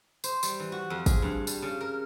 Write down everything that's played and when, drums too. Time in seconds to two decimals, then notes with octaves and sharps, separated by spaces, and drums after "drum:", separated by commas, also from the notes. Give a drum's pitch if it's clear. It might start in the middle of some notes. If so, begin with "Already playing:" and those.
0.24 C5, drum: tambourine
0.43 G3, drum: tambourine
0.60 E3
0.72 F#4
0.90 F2
1.06 G#4, drum: kick, tambourine
1.22 G2
1.47 G3, drum: tambourine
1.62 C#3
1.81 A#4